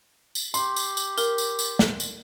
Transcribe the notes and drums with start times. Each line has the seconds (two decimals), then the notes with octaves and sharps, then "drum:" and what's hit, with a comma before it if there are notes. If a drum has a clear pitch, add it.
0.35 drum: tambourine
0.54 G4 C6, drum: tambourine
0.76 drum: tambourine
0.97 drum: tambourine
1.18 A#4, drum: tambourine
1.38 drum: tambourine
1.59 drum: tambourine
1.79 drum: snare
2.00 drum: tambourine